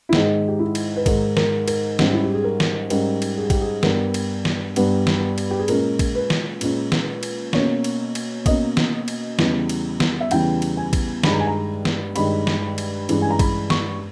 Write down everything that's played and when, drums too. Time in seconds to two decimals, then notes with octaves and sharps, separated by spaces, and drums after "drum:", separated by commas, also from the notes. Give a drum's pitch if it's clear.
0.09 E4
0.13 G#2 D#3 G#3 D#4, drum: snare
0.48 G4
0.59 E4
0.75 drum: cymbal
0.96 B4
1.06 G#2 D#3 G#3 A#4, drum: kick, cymbal
1.37 A#4, drum: snare
1.68 A#4, drum: cymbal
1.99 G#2 G3 C#4, drum: snare
2.13 E4
2.23 G4
2.34 G#4
2.44 A#4
2.60 drum: snare
2.90 G#2 G3 C#4 A#4, drum: cymbal
3.22 drum: cymbal
3.37 G#4
3.50 G4, drum: kick, cymbal
3.62 G#4
3.83 G2 G3 B3 A#4, drum: snare
4.14 drum: cymbal
4.45 drum: snare
4.76 G2 G3 B3 B4, drum: cymbal
5.07 drum: snare
5.38 drum: cymbal
5.51 G4
5.59 G#4
5.68 A#2 G#3 C#4 A#4, drum: cymbal
5.99 drum: kick, cymbal
6.15 B4
6.30 drum: snare
6.61 A#2 G#3 C#4, drum: cymbal
6.92 drum: snare
7.23 drum: cymbal
7.53 B2 A#3 C#4 C#5, drum: snare
7.84 drum: cymbal
8.15 drum: cymbal
8.46 B2 A#3 C#4 D#5, drum: kick, cymbal
8.77 drum: snare
9.08 drum: cymbal
9.39 E2 C#3 E3 G3, drum: snare
9.69 drum: cymbal
10.00 drum: snare
10.20 E5
10.31 E2 C#3 E3 G3 G5, drum: cymbal
10.62 drum: cymbal
10.77 G#5
10.93 drum: kick, cymbal
11.24 G2 D#3 G#3 B5, drum: snare
11.32 A#5
11.40 G#5
11.47 A#5
11.85 drum: snare
12.16 G2 D#3 G#3 B5, drum: cymbal
12.47 drum: snare
12.78 drum: cymbal
13.09 G2 E3 G#3 C#4, drum: cymbal
13.22 G#5
13.31 A#5
13.39 B5, drum: kick, cymbal
13.70 C#6, drum: snare